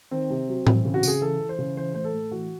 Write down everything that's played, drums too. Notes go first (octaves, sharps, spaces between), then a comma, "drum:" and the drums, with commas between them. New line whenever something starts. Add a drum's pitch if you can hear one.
D#3 C4
C3
F#3
E3, drum: tom A2
C#3
F#4
C#3 G#4, drum: tambourine
E3 A4
E3
C5
C#3
E3 C5
A2 C5
A4
A2
E3 F#4